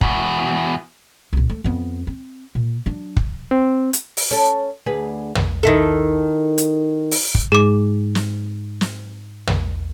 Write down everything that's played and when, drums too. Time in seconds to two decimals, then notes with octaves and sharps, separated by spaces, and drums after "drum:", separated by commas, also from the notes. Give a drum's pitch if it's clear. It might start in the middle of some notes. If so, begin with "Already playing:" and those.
0.01 E2 B2, drum: kick
1.33 C2 A#2
1.50 A3
1.64 F2 B3
2.07 C4
2.55 A#2
2.86 F#3 D4
3.16 drum: kick
3.51 C4
3.93 drum: hi-hat
4.17 drum: open hi-hat
4.31 C#4 A4
4.86 D2 G#4 B4
5.35 drum: tom
5.63 D#3 E4 A4
6.58 drum: hi-hat
7.11 drum: open hi-hat
7.35 drum: kick
7.52 G#2 G#4 D6
8.15 drum: snare
8.81 drum: snare
9.47 drum: tom